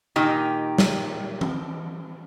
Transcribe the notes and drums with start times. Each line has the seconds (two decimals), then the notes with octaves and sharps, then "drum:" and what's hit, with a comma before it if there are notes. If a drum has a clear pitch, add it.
0.16 A#2 D#3 D#4 G4
0.78 drum: snare
1.41 drum: tom E3